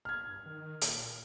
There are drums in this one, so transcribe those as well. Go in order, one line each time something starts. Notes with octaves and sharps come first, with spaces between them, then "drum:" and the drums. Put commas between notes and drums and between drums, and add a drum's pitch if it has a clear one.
F6 G#6
G2
D#3
A#2, drum: hi-hat